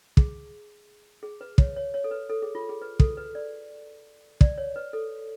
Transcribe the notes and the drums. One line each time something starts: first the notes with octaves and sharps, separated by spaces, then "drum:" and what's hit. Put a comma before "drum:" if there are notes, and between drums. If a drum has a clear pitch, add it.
G#4, drum: kick
G#4
B4
C#5, drum: kick
C#5
C#5
A4
B4
A4
G#4
F4
G#4
B4
A4, drum: kick
B4
D5
D5, drum: kick
C#5
B4
A4